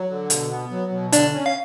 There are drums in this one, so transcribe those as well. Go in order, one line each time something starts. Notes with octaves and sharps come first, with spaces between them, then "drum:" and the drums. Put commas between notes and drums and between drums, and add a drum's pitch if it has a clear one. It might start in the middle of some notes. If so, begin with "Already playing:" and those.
Already playing: F#3
D3
B2, drum: hi-hat
B3
F#3
B2
D3 D4 D5, drum: hi-hat
C#4
F5